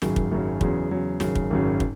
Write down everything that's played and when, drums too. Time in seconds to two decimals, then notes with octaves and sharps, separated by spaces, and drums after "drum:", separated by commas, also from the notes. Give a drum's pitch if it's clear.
0.02 G#1 F#2 C#3 F#3, drum: snare
0.16 drum: kick
0.31 G#1 F#2 C#3 F#3
0.61 E2 C#3 F#3, drum: kick
0.91 E2 C#3 F#3
1.20 G#1 F#2 C#3 F#3, drum: snare
1.35 drum: kick
1.50 G#1 F#2 C#3 F#3
1.80 drum: kick